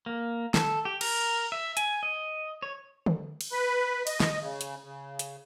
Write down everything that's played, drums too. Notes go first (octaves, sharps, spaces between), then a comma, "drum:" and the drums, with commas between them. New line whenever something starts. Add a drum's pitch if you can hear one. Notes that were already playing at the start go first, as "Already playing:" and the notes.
A#3
A4, drum: snare
G4
A#4, drum: cymbal
E5
G#5, drum: hi-hat
D#5
C#5
drum: tom
drum: cymbal
B4
D#5, drum: cymbal
drum: snare
C#3
drum: hi-hat
C#3
drum: hi-hat